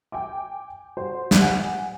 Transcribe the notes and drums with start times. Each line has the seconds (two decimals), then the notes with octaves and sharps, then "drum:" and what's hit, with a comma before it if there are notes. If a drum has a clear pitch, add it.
0.12 G5 G#5 D6
0.97 F#4 C5
1.31 drum: snare
1.41 F#5 G#5